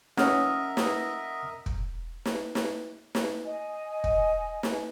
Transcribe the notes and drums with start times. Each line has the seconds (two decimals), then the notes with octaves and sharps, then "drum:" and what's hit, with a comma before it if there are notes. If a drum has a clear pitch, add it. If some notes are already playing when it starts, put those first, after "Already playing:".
0.17 C#4 A#4 D#5 E5 F#5 D#6 F6, drum: snare
0.77 drum: snare
1.66 drum: kick
2.25 drum: snare
2.55 drum: snare
3.15 drum: snare
3.45 D#5 G#5
4.04 drum: kick
4.63 drum: snare